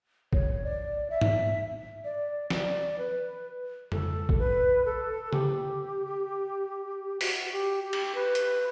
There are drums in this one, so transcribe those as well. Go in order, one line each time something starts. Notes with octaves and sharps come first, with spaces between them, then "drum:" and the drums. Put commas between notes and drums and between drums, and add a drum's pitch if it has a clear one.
C#5, drum: kick
D5
E5
drum: tom G#2
D5
D5, drum: snare
B4
A4, drum: tom
drum: kick
B4
A4
G4, drum: tom
F#4, drum: open hi-hat
G4
G4
drum: cymbal
B4
drum: hi-hat